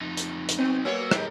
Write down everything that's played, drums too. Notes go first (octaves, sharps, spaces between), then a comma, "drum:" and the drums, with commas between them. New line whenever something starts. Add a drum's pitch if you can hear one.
F2 D#4
drum: hi-hat
drum: hi-hat
F#3 B3 C4 D#4
F#3 A#3 B3 C#5 E6
D#4 G4 G#4 A#4, drum: rim click